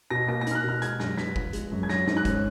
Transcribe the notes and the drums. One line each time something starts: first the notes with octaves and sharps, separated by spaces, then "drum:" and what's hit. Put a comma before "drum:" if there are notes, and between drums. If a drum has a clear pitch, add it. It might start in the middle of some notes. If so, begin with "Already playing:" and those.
B2 A#6
A#3 A#6
A#6
D#4 F6, drum: hi-hat
F#6
B2 F6
G#3 G#6, drum: hi-hat
F#2 A#6, drum: snare
B3 B6, drum: snare
F3, drum: kick
G#3, drum: hi-hat
F#2
G#6
F#3 A#6, drum: snare
G#2, drum: snare
F#6
C#4, drum: kick, hi-hat